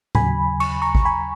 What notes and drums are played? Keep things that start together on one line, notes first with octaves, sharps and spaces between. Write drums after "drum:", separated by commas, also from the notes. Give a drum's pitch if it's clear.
D#2 C#3 F#3 G#5 B5, drum: tom A2
C#6, drum: cymbal
A#5 C#6
drum: kick G#1
G#5 B5